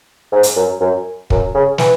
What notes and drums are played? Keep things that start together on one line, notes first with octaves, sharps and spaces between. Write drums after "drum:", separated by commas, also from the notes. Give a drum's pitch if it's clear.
G#2
drum: hi-hat
F#2
F#2
F#2, drum: kick
C#3
E3, drum: snare